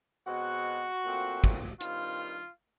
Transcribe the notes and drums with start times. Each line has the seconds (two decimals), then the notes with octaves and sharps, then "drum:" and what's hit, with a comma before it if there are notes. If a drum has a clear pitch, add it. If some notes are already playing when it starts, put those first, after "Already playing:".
0.26 B2 G#3 C4 F#4
1.03 A#2 F3 A3 C4
1.44 drum: kick
1.81 G2 D#3 G3 C4 F4, drum: hi-hat